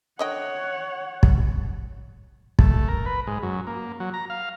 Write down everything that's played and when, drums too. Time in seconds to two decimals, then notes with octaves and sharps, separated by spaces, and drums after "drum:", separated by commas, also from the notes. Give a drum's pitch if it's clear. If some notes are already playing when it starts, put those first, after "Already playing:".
0.19 D3 C#5 D#5 F#5 G5
1.23 drum: kick
2.59 A3, drum: kick
2.88 A#4
3.06 B4
3.27 G#2
3.43 F#2
3.67 A#3
4.00 F#3
4.14 A#5
4.30 F5